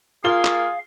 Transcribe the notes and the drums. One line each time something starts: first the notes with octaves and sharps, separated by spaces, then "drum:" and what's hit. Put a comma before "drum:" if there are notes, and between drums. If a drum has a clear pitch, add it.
A#3 F4 G#4 F5 G7
drum: clap